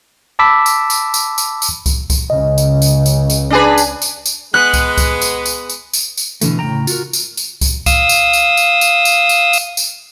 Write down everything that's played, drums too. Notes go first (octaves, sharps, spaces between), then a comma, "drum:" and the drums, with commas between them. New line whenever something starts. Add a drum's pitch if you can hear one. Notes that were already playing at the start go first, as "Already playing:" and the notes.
A5 B5 D6 E6 B6
drum: tambourine
drum: tambourine
drum: tambourine
drum: tambourine
drum: tambourine
drum: kick C2, tambourine
drum: kick C2, tambourine
C#2 C#3 D#5
drum: tambourine
drum: tambourine
drum: tambourine
drum: tambourine
D4 G#4 B4
drum: tambourine
drum: tambourine
drum: tambourine
G#3 B3 F#6
drum: kick C2, tambourine
drum: kick C2, tambourine
drum: tambourine
drum: tambourine
drum: tambourine
drum: tambourine
drum: tambourine
B2 D3 E3 A3, drum: tambourine
A2 C#3 B3 G5 A#5
F4 F#4 A#4, drum: tambourine
drum: tambourine
drum: tambourine
drum: kick C2, tambourine
F5 D#6 E6, drum: kick C2, tambourine
drum: tambourine
drum: tambourine
drum: tambourine
drum: tambourine
drum: tambourine
drum: tambourine
drum: tambourine
drum: tambourine